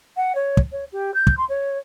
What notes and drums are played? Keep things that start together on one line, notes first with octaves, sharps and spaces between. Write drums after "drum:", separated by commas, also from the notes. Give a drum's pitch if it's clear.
F#5
C#5
drum: kick
C#5
G4
G6
drum: kick
C6
C#5